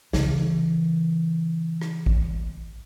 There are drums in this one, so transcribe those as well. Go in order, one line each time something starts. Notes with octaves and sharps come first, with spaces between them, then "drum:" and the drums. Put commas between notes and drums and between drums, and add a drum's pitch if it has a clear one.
C#3 E3, drum: snare
drum: rim click
drum: kick A1